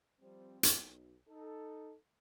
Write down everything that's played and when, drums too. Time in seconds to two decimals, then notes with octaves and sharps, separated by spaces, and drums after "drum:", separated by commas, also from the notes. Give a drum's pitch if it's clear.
0.21 F3 G3 C4
0.63 B1, drum: hi-hat
1.28 D#4 A4